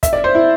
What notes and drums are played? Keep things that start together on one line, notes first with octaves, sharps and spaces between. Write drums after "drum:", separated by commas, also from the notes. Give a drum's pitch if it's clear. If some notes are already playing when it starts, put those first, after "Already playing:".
E5, drum: kick, hi-hat
D5
C5
E4